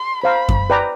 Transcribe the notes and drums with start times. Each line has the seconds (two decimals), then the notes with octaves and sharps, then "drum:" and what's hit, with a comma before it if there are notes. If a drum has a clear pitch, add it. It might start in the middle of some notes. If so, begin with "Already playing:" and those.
Already playing: C6
0.24 C5 F5 A#5 B5
0.49 drum: kick F#2
0.70 B4 D5 G5 A#5